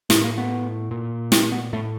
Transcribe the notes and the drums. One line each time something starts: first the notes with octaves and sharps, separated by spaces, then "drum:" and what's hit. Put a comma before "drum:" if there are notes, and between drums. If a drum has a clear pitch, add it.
A2 A3, drum: snare
A#3
B3
A#2
C4, drum: snare
B3
A2 A3